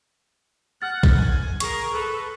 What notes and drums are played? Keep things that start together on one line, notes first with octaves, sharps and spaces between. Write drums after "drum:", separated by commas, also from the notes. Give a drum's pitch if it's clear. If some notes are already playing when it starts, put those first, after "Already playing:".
F#5 F6 A6
drum: kick
G#5
G#4 A#4 C#6, drum: hi-hat
A4 B4